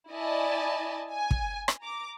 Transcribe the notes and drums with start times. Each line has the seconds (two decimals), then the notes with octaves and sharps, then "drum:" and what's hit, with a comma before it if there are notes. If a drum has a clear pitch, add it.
0.10 E4 D5 D#5 G#5 A5
1.12 G#5
1.31 drum: kick
1.68 drum: rim click
1.82 A#5 D6